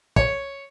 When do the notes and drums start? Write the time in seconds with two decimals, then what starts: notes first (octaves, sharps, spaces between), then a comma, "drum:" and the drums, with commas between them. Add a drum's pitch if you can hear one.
0.16 C#5, drum: kick